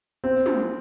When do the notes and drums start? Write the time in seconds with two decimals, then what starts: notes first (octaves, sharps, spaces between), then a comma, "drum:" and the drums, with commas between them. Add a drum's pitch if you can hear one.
0.24 C4
0.46 drum: tom